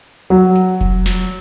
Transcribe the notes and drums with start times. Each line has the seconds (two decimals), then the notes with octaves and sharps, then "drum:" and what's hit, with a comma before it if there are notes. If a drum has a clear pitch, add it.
0.30 F#3
0.55 drum: hi-hat
0.81 drum: kick F1, hi-hat
1.06 drum: snare